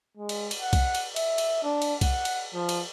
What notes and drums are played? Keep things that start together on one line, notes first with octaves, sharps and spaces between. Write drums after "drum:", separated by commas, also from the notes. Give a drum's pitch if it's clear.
G#3
drum: cymbal
drum: cymbal
F#5
drum: kick, cymbal
drum: cymbal
E5, drum: cymbal
drum: cymbal
D4
drum: cymbal
F#5, drum: kick, cymbal
drum: cymbal
F3
drum: cymbal